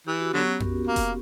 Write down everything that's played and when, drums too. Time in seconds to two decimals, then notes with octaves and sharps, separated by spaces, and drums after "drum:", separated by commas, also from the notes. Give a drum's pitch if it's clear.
0.07 E3 G4
0.20 F#4
0.33 D3 F#3 B3
0.47 C#4
0.60 A#4, drum: tom F2
0.87 A#3
0.96 drum: kick F1, hi-hat